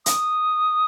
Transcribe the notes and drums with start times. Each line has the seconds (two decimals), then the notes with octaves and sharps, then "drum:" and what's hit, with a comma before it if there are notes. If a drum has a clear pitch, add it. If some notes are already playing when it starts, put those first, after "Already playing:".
0.06 D#6, drum: hi-hat